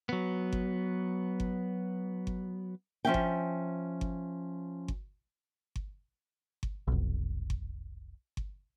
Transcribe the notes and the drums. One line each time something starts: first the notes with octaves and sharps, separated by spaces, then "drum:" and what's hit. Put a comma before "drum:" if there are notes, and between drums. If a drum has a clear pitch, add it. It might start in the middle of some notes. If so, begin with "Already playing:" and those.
F#3 B3
drum: kick G1
drum: kick G1
drum: kick G1
F3 C#4 E5 G5
drum: kick G1
drum: kick G1
drum: kick G1
drum: kick G1
drum: kick G1
F1 B1
drum: kick G1
drum: kick G1